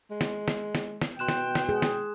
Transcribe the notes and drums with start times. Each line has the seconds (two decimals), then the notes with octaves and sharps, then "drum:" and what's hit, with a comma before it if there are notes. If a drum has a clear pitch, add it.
0.10 G#3
0.21 drum: snare
0.48 drum: snare
0.75 drum: snare
1.02 drum: snare
1.19 B2 G5 C6 F#6 E7
1.28 drum: snare
1.55 drum: snare
1.69 G#4
1.82 drum: snare